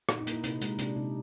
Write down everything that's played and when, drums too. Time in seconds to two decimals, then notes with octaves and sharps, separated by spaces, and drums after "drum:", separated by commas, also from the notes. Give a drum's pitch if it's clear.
0.09 A#2 D#4, drum: rim click
0.21 D#4
0.27 A#3 E4, drum: hi-hat
0.44 C3 D#4, drum: hi-hat
0.61 G#3, drum: hi-hat
0.79 C3 D4, drum: hi-hat
0.96 C3 D#4